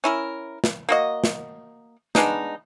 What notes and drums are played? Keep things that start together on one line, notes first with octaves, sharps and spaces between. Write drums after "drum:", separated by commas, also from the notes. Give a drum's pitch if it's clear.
C#4 E4 A#4
drum: snare
A#3 F#4 D#5
drum: snare
G#3 B3 D4 D#4, drum: snare